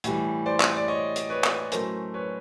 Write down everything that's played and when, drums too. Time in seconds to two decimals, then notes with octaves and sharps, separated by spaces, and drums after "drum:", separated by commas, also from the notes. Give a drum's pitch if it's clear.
0.04 A2 E3 G3, drum: hi-hat
0.46 C5 D5
0.60 drum: clap
0.76 D5
0.88 C#5 D#5
1.16 drum: hi-hat
1.30 B4 C#5
1.44 drum: clap
1.72 A2 F#3 A3 C#4 A#4 C5, drum: hi-hat
2.14 B4 C#5